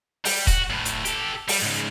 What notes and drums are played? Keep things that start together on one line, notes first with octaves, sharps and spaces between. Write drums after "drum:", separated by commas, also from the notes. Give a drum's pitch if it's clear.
G3, drum: open hi-hat
F#4, drum: kick D#1, hi-hat
D2 A2
drum: hi-hat
G4 A4, drum: hi-hat
G3, drum: open hi-hat
G#2 C#3